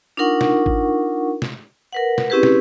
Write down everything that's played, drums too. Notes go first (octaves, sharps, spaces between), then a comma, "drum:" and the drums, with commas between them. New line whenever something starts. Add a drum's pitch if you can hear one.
D4 D#4 F4 A#4 F#5 C#6
drum: snare
drum: kick
drum: snare
A#4 B4 F#5
drum: snare
C4 C#4 E4 G4 G#4 B4
drum: snare